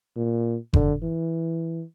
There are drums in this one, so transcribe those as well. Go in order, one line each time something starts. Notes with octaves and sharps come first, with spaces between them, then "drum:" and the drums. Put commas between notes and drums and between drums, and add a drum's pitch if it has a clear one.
A#2
D3, drum: kick F#1
E3